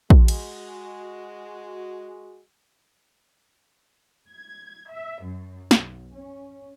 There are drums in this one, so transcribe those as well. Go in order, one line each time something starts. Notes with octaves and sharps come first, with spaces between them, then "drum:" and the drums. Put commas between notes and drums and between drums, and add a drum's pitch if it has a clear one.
G#3 F#4, drum: kick
drum: cymbal
G#6
E5
F#2
B1, drum: snare
C#4